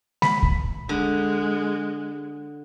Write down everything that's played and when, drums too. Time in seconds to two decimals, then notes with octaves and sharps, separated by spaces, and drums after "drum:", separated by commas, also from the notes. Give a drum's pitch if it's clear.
0.22 B5, drum: snare G#3
0.43 drum: kick C#2
0.89 D3 G#3